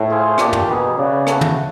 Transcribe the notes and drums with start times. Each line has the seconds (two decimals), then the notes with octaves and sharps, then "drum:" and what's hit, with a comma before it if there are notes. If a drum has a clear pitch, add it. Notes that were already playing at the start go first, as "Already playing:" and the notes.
Already playing: A2
0.08 F4 G#4 C5
0.38 A#2 A3 D4 G4, drum: rim click
0.53 drum: tom
0.67 B2 G3 B3 D#4 G#4
0.97 C#3 F#4 B4 D5
1.27 E4 A4 C#5 F#5, drum: rim click
1.41 drum: tom